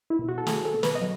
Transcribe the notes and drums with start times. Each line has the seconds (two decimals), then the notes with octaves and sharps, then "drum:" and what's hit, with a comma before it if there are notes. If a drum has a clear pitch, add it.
0.10 E4
0.19 B2
0.28 F#4
0.38 A4
0.47 A3 G#4, drum: snare
0.65 A4
0.74 B2
0.83 B4, drum: snare
0.95 D#5
1.01 F#3